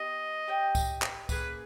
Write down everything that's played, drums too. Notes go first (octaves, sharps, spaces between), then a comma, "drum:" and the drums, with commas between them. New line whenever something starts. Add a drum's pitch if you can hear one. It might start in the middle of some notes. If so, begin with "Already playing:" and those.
Already playing: B3 G4 B4 D#5
G4 C#5 G5
drum: kick C#2, tambourine
drum: clap
A#3 C#4 G#4 B4, drum: kick C#2, tambourine